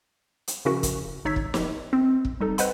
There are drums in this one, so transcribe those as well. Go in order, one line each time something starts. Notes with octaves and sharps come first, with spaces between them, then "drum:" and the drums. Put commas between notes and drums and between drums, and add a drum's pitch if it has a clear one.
drum: hi-hat
C#3 F3 C#4 E4 F#4 A#4
drum: kick, hi-hat
G#1 D#4 C#5 E6 G#6 B6
drum: kick
drum: snare
C4
drum: kick
G3 D#4 A4
B4 C5 D#5 F#5 G5 B5, drum: hi-hat